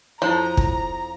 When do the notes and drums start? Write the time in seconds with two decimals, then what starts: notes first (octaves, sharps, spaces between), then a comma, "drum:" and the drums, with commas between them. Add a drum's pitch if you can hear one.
0.22 F2 F3 E4 C5 C#5 A5 A#5 C6
0.57 drum: kick